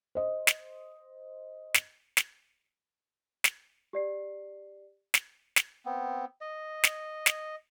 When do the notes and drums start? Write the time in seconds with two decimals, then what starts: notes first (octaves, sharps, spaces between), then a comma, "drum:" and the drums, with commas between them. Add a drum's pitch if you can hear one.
0.15 C5 D#5
0.47 drum: snare
1.74 drum: snare
2.17 drum: snare
3.44 drum: snare
3.93 G4 D5 C7
5.14 drum: snare
5.56 drum: snare
5.86 B3 C4
6.41 D#5
6.83 drum: snare
7.26 drum: snare